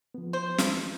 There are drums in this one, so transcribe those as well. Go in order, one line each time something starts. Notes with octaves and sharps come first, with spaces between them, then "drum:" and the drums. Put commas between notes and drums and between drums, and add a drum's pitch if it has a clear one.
F3 B3
C5
drum: snare